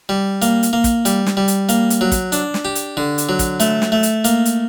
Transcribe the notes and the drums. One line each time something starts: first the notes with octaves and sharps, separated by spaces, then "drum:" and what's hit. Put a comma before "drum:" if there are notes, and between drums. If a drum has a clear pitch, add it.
G3
A#3, drum: hi-hat
drum: hi-hat
A#3
drum: kick, hi-hat
G3, drum: hi-hat
drum: snare
G3
drum: hi-hat
A#3, drum: hi-hat
drum: hi-hat
F#3
drum: kick, hi-hat
D4, drum: hi-hat
drum: snare
G4
drum: hi-hat
D3
drum: hi-hat
F#3
drum: kick, hi-hat
A3, drum: hi-hat
drum: snare
A3
drum: hi-hat
A#3, drum: hi-hat
drum: hi-hat